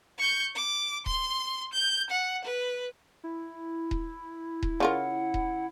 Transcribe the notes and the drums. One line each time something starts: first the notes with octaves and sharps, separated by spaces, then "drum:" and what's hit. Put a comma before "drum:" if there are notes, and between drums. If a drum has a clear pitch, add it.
C#6 G6
D6
C6, drum: kick D#1
G6
F#5
B4
E4
drum: kick D#1
drum: kick D#1
C#3 F4 A#4 F#5
drum: kick D#1